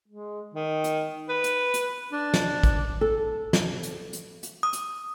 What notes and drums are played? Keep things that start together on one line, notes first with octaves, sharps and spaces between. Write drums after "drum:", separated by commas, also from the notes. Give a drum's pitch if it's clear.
G#3
D#3
drum: hi-hat
B4
drum: hi-hat
drum: hi-hat
D4
drum: snare
drum: kick A1, hi-hat
A4
drum: snare
drum: hi-hat
drum: hi-hat
drum: hi-hat
D#6
drum: hi-hat